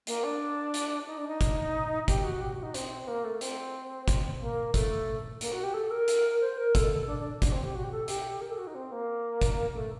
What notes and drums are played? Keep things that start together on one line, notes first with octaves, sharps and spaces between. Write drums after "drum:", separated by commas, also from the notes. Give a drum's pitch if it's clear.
A#3, drum: hi-hat
D4
drum: hi-hat
D#4
D4
D#4
drum: kick, hi-hat
G4, drum: kick, hi-hat
F#4
G4
F#4
D#4
C4, drum: hi-hat
A#3
A3
C4, drum: hi-hat
drum: kick, hi-hat
A#3
A3, drum: kick, hi-hat
A#3, drum: hi-hat
F#4
G4
A4
A#4
drum: hi-hat
C5
A#4
A4, drum: kick, hi-hat
D4
D4
D4, drum: kick, hi-hat
C4
G4
F#4
G4
A4
G4, drum: hi-hat
A#4
A4
F#4
D#4
C4
A#3
drum: kick, hi-hat
A3